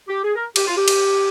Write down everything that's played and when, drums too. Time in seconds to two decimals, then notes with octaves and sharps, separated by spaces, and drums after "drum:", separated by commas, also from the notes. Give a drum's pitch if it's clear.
0.08 G4
0.24 G#4
0.35 A#4
0.56 G4, drum: cymbal
0.67 F4
0.77 G4
0.88 drum: cymbal